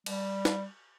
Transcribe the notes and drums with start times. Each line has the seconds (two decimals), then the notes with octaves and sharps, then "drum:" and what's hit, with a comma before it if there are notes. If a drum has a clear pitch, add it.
0.06 G3, drum: cymbal
0.45 drum: snare